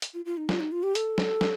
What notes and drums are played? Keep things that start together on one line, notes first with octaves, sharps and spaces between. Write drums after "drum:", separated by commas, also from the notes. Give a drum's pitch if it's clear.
drum: hi-hat
F4
F4
D#4
F4, drum: snare
D#4
F4
G4
A4, drum: hi-hat
drum: snare
drum: snare